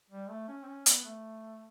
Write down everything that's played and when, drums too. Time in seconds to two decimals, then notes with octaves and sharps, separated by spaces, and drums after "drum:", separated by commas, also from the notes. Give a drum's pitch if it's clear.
0.10 G3
0.29 A3
0.48 C#4
0.63 C4
0.67 C#4
0.86 B3, drum: hi-hat
1.04 A3